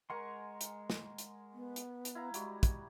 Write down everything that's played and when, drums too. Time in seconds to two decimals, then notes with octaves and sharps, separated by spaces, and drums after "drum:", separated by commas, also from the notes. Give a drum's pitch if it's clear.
0.10 G#3 A#4 F#5 G#5 C6 C#6
0.61 drum: hi-hat
0.90 drum: snare
1.18 drum: hi-hat
1.53 B3
1.76 drum: hi-hat
2.05 drum: hi-hat
2.15 E4 F5 A#5
2.34 G3 G#3 E4 F#4, drum: hi-hat
2.63 drum: kick, hi-hat